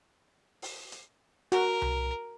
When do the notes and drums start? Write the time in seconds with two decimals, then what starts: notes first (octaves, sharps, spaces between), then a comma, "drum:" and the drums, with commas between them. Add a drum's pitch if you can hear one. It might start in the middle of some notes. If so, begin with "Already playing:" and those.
0.62 drum: open hi-hat
0.92 drum: hi-hat
1.52 F#4 A#4, drum: hi-hat
1.82 drum: tom C2